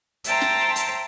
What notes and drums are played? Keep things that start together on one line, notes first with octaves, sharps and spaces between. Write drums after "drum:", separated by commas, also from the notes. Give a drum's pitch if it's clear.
C5 E5 G5 A5 A#5 C6, drum: hi-hat
drum: snare
drum: hi-hat